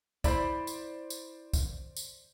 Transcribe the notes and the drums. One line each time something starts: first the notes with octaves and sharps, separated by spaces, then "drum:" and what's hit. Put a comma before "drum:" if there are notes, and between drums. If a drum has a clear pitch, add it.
E4 C5 D5 B5, drum: kick, tambourine
drum: tambourine
drum: tambourine
drum: kick, tambourine
drum: tambourine